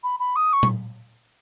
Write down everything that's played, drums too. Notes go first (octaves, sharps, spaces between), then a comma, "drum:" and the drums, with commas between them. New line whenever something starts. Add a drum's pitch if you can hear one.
B5
B5
D#6
C#6
drum: tom A#2